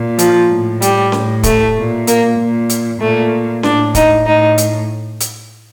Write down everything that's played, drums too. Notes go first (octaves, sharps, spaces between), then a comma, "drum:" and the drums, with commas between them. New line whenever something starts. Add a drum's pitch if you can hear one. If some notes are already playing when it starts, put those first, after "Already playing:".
Already playing: A#2
F3, drum: hi-hat
A2
G3, drum: hi-hat
A2, drum: snare C#4
A3, drum: kick, hi-hat
A#2
A#3, drum: hi-hat
A#2
drum: hi-hat
A#2 A3
A2 D4, drum: snare C#4
D#4, drum: kick, hi-hat
A2 D#4
drum: hi-hat
drum: hi-hat